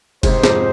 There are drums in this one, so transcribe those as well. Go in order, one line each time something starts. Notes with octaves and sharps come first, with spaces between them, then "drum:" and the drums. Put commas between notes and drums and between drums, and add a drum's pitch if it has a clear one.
G#2 C3 D#4 G4 C5, drum: kick, cymbal
F2 G#2, drum: snare